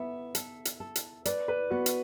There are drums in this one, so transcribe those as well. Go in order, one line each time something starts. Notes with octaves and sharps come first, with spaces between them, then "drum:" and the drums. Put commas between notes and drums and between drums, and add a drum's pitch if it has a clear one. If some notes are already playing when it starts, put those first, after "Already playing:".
Already playing: B3 E5
A4, drum: hi-hat
drum: hi-hat
A4
drum: hi-hat
B4 D5, drum: hi-hat
B4
B3 F#4
drum: hi-hat